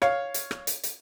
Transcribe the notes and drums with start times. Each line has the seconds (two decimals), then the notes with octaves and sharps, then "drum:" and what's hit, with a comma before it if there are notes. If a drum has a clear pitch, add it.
0.02 C#5 F5, drum: rim click
0.34 drum: hi-hat
0.51 drum: rim click
0.67 drum: hi-hat
0.84 drum: hi-hat